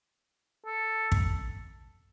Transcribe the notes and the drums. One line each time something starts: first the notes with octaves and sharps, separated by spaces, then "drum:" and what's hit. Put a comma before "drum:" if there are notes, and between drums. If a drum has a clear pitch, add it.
A4
drum: kick